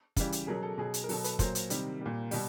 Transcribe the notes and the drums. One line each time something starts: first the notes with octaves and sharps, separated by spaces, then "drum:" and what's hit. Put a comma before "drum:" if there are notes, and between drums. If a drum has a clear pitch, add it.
C#3 E3 G3, drum: kick, hi-hat
drum: hi-hat
B2 F#3 G#4 A#4
A4
B2 F#3 G#4
drum: hi-hat
A#4
B2 F#3 A4, drum: open hi-hat
A4 B4, drum: hi-hat
A#2 F#3 A#4 C5, drum: kick, hi-hat
drum: hi-hat
C3 D#3 G3, drum: hi-hat
A#2 G3
B2 G3, drum: open hi-hat